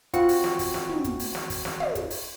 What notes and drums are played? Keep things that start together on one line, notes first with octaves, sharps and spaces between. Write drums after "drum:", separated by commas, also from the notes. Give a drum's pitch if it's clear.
C4 F4 F#4 C#7, drum: kick, hi-hat
drum: open hi-hat
drum: snare
drum: kick, open hi-hat
drum: snare
drum: tom
drum: kick, hi-hat
drum: open hi-hat
drum: snare
drum: kick, open hi-hat
drum: snare
drum: tom
drum: kick, hi-hat
drum: open hi-hat